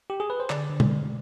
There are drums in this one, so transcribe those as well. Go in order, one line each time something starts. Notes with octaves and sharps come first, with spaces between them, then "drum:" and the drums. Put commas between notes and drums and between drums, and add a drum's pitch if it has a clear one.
G4
G#4
B4
C5
D3 D5, drum: clap
D3
drum: tom B2
G#3